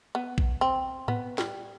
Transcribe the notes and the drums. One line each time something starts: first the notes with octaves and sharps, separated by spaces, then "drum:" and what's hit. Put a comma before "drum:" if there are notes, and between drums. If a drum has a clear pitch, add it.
B3
drum: kick A#1
C4
B3, drum: tom G#2
G3, drum: snare